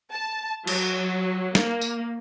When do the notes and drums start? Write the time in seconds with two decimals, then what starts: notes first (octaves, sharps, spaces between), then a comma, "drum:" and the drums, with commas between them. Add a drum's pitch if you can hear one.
0.11 A5
0.67 F#3, drum: cymbal
1.55 A#3, drum: snare
1.81 drum: tambourine